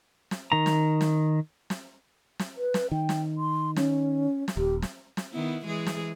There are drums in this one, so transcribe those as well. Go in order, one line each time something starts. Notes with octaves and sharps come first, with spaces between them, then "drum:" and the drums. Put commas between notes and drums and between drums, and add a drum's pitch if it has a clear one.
drum: snare
D#3 A#5
drum: snare
drum: snare
drum: snare
drum: snare
B4
drum: snare
D#3 G5
drum: snare
C6
C#4, drum: snare
drum: snare
D#1 G4
drum: snare
drum: snare
D#3 B3 E4
E3 G#3 G#4
drum: snare